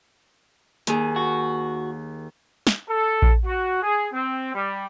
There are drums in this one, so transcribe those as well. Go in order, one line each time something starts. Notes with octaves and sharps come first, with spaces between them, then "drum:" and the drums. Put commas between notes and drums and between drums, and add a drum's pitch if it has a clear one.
D#2 G#4, drum: hi-hat
F#4
drum: snare
A4
drum: kick A#1
F#4
G#4
C4
G3